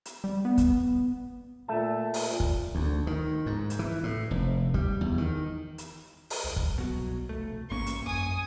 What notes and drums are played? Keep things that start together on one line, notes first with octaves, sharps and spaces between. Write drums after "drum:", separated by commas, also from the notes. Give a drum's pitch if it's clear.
drum: hi-hat
G3
B3
drum: kick, hi-hat
A#2 A3 E5 A5
drum: open hi-hat
drum: kick
D2
D#3
G#2
drum: hi-hat
E3
A2
F1
G3, drum: kick
E2
D#3
drum: hi-hat
drum: open hi-hat
C2
drum: kick
B2 F#3
F1 A3
A1 G2 A#3 C#4 C#6
drum: hi-hat
F#2 G#5 D#6